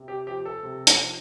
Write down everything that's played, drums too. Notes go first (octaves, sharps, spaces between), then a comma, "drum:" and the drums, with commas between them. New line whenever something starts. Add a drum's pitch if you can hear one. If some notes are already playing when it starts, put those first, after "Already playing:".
Already playing: C3
G4
F3 G4
A4
C3
drum: hi-hat
F3